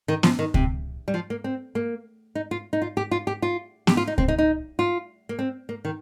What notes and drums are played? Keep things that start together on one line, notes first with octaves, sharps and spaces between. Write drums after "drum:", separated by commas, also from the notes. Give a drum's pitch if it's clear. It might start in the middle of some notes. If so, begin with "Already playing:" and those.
D#3
F3, drum: snare B3
D#3
C3, drum: kick C#2
G3
F3
A#3
C4
A#3
D#4
F4
D#4
F4
G4
F4
G4
F4
G4, drum: snare B3
F4
D#4
C4, drum: kick C#2
D#4
D#4
F4
A#3
C4
A#3
D#3